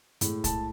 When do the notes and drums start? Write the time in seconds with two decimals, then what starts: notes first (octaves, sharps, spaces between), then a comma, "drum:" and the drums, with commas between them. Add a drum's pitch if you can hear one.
0.21 A2 G#3, drum: hi-hat
0.44 A5, drum: kick B1, hi-hat